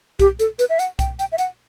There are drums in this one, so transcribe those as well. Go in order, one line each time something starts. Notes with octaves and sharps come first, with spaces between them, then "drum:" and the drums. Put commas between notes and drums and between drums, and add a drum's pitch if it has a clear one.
G4, drum: kick B1, hi-hat
A4, drum: hi-hat
B4, drum: hi-hat
E5
F#5, drum: hi-hat
G5, drum: kick B1, hi-hat
G5, drum: hi-hat
E5
F#5, drum: hi-hat